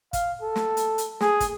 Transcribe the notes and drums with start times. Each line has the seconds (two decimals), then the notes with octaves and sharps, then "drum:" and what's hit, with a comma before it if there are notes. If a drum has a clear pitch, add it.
0.13 F5, drum: kick, hi-hat
0.42 A4
0.56 drum: snare
0.77 drum: hi-hat
0.98 drum: hi-hat
1.21 G#4, drum: snare
1.40 drum: kick, hi-hat